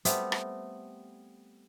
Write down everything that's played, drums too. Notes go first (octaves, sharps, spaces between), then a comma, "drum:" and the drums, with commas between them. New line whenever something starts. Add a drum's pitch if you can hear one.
G3 A3 B3 C4, drum: hi-hat
drum: rim click